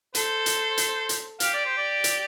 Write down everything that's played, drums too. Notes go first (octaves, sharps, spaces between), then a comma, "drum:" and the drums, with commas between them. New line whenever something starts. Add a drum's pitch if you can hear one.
A4 C5, drum: hi-hat
drum: hi-hat
drum: hi-hat
drum: hi-hat
G4 F5, drum: hi-hat
D5
C5
D5
drum: hi-hat